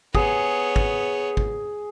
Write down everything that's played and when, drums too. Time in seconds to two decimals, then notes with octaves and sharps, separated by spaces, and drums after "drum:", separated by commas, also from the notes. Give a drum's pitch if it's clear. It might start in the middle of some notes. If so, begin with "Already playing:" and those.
0.15 B3 G#4 C#5, drum: kick
0.76 drum: kick
1.37 drum: kick